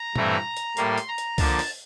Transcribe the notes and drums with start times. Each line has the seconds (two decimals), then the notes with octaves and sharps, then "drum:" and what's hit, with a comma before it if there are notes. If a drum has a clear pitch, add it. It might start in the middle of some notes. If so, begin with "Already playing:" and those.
Already playing: A#5
0.16 G2 E3 A3 C4 E4, drum: tom A#2
0.57 drum: hi-hat
0.77 A2 G3 A#3 C6, drum: hi-hat
0.98 drum: hi-hat
1.08 A#5
1.18 drum: hi-hat
1.38 D3 F3 A#3 A5, drum: kick C2, open hi-hat
1.59 drum: open hi-hat